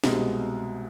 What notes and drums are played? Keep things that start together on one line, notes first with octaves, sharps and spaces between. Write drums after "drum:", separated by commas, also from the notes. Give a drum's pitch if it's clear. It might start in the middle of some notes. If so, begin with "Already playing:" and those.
C2 B2 G#3, drum: snare